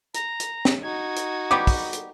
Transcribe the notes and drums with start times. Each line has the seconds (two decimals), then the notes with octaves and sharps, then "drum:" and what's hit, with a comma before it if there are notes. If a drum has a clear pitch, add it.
0.14 A#5, drum: hi-hat
0.40 drum: hi-hat
0.65 drum: snare
0.83 D#4 F#4 G#6
1.16 drum: hi-hat
1.51 G3 B3 G4 D6
1.67 drum: kick, open hi-hat
1.93 drum: hi-hat